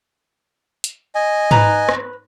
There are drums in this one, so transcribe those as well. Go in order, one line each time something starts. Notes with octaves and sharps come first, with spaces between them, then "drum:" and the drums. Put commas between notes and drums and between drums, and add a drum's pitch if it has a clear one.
drum: hi-hat
D#5 G#5
B4 A#5, drum: tom G#2
drum: rim click